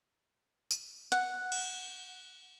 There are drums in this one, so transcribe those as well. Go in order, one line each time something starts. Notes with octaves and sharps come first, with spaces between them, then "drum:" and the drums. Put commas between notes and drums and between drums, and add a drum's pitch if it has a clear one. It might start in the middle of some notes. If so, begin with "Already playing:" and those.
drum: tambourine
F#5, drum: hi-hat
drum: cymbal